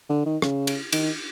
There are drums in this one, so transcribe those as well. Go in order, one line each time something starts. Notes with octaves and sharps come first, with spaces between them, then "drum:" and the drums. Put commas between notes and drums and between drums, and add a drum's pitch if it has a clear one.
D3
D#3
C#3, drum: rim click
drum: cymbal
D#3, drum: cymbal